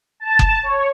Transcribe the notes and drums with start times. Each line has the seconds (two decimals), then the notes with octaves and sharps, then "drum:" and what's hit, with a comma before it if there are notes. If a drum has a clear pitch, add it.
0.20 A5
0.39 drum: kick F#1
0.63 C#5